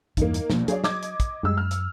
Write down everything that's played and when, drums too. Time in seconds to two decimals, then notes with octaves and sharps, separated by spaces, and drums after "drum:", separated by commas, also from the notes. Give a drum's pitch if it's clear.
0.17 E2 G2 E3 A#3 D#4, drum: kick, hi-hat
0.34 drum: hi-hat
0.50 A#1 D#2 B2 F3, drum: snare
0.68 F#3 G#4 C#5 D5, drum: hi-hat
0.84 D#5 D6 G#6, drum: snare
1.03 drum: hi-hat
1.20 drum: kick, hi-hat
1.43 F#2 G3 G#3 E6
1.57 F6
1.71 drum: hi-hat